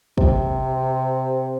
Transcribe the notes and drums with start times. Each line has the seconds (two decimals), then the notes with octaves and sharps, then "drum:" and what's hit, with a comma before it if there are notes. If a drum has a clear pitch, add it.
0.18 C3, drum: kick